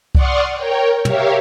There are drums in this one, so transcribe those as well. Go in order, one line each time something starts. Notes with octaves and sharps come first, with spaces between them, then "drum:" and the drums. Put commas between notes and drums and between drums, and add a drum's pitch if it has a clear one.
D5 F#5 C6 C#6 D#6 F6, drum: kick C2
A#4 C#5 G5
G4 A#4 C#5 E5 F5, drum: tom